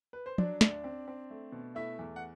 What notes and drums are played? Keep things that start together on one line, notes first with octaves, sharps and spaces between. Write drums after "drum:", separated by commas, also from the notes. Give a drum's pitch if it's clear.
B4
C5
F#3 D4 D5, drum: tom
D2 D4 D5, drum: snare
C4
C4
A3
B2
A3 E4 E5
E2
F#5